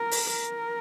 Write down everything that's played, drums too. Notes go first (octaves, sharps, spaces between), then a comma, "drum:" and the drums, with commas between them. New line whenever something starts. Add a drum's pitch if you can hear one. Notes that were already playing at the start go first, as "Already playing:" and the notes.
Already playing: A#4
drum: open hi-hat
A#4